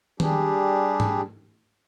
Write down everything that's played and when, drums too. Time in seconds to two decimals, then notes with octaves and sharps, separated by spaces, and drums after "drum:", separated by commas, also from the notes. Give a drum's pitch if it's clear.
0.20 G3 D4 G4 G#4, drum: tom D#3
1.00 drum: tom G#2